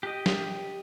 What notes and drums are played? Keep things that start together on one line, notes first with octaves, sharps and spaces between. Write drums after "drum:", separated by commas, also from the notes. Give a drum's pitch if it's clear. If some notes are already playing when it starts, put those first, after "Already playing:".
G4 D#5
drum: snare